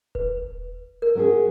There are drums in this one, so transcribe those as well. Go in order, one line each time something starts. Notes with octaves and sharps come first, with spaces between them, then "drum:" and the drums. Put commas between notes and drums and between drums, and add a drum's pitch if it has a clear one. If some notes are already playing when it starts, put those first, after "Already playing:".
B4, drum: kick D#1
A#4
F#3 C#4 G#4